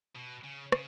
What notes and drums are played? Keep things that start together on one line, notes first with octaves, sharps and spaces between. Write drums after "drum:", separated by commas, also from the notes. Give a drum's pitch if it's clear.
B2
C#3
C#3, drum: rim click